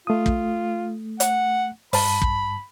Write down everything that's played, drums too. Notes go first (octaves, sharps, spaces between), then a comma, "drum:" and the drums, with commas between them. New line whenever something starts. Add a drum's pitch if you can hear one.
A3 F4 D#6
drum: kick
F#5, drum: hi-hat
G2 A5 B5, drum: open hi-hat
drum: kick